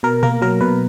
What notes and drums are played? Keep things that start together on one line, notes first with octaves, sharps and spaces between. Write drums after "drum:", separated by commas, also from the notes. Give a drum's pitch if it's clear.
B2 A#4
A#3 A#4, drum: tom B2
F#3 A#4
B2 B4